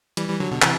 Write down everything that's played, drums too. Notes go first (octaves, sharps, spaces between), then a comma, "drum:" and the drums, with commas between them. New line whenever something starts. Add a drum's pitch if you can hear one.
E3 G3, drum: hi-hat
E3 G3
D3 F#3
B2 D3
C3 E3, drum: clap